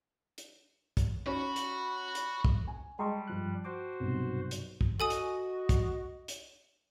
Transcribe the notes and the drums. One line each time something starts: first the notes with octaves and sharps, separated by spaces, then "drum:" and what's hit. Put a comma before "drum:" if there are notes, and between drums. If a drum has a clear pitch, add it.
drum: hi-hat
drum: kick, hi-hat
C#4 F#4 B5
drum: hi-hat
drum: hi-hat
drum: kick
G#5
G3 G#3 D#5 G5 A5 C6 C#6
G2 F3 F#6
F#4 C5 D6
B1 G2 C3 F#3
drum: hi-hat
drum: kick
F#4 A4 D#5 G#5 D#6
drum: hi-hat
drum: kick, hi-hat
drum: hi-hat